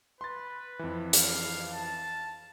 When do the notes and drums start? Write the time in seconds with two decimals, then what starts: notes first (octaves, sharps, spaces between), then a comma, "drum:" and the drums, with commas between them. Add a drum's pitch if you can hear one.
0.21 B4 C6 A6
0.79 F2 E3
1.13 F5, drum: hi-hat
1.74 A5